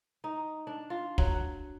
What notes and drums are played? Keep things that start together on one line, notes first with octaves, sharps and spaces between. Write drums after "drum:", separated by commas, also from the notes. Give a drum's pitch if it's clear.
D#4
D4
F4
F#3, drum: kick
F#5